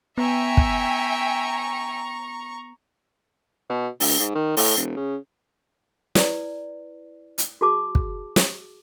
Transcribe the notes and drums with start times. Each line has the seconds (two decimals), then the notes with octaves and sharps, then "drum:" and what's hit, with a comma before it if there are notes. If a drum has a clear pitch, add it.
0.18 B3 E5 G5 G#5 A#5 C#6
0.57 drum: kick
3.69 B2
4.00 D2, drum: open hi-hat
4.19 G#2
4.35 D#3
4.57 A2, drum: open hi-hat
4.77 E1
4.96 C#3
6.15 E4 B4 D5, drum: snare
7.38 drum: hi-hat
7.61 F#4 G#4 A5 D6
7.95 drum: kick
8.36 drum: snare